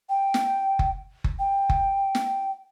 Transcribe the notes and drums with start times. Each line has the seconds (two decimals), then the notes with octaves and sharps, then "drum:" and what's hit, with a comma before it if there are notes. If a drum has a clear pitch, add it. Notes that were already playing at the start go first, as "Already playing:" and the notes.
0.10 G5
0.34 drum: snare
0.79 drum: kick F#1
1.24 drum: kick F#1
1.39 G5
1.70 drum: kick F#1
2.15 drum: snare